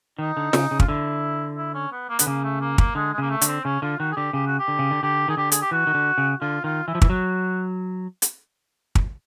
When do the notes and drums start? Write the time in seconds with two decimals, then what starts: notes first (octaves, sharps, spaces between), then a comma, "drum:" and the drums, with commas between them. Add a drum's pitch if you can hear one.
0.19 D#3 D#4
0.37 D3
0.53 C#3, drum: snare
0.71 C#3
0.80 F4, drum: kick
0.88 D3 E4
1.57 E4
1.74 C#4
1.92 B3
2.09 A#3
2.19 D3 B3, drum: hi-hat
2.27 C#3 A#3
2.44 A3
2.61 A#3
2.78 A#3, drum: kick
2.95 D3 G#3
3.13 G#3
3.18 C#3 A#3
3.30 A3
3.41 D3, drum: hi-hat
3.47 C4
3.64 C#3 C#4
3.82 D3 F4
3.99 D#3 F#4
4.12 G#4
4.16 D3 G4
4.33 C#3 G4
4.47 F#4
4.59 G4
4.68 D3
4.79 C#3
4.91 D3
5.03 D3 G4
5.28 D#3 G#4
5.37 D3 G4
5.52 G#4, drum: hi-hat
5.61 G4
5.71 E3 F#4
5.87 D#3
5.94 D3
6.18 C#3
6.41 D3 F4
6.64 D#3 F4
6.87 E3 E4
6.95 F3
7.02 E3, drum: kick
7.10 F#3 F#4
8.22 drum: hi-hat
8.95 drum: kick